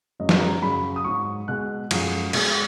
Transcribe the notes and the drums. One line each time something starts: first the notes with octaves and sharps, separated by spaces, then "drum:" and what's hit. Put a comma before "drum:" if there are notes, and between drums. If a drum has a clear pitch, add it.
F#2 C#3 F#3 D#5
drum: snare
A#5
F#2 C#3 F#3 B5
D#6
G#2 F#3 C#6
B2 G#3 F#6
F#2 F3 G#3, drum: cymbal
B2 G#3, drum: cymbal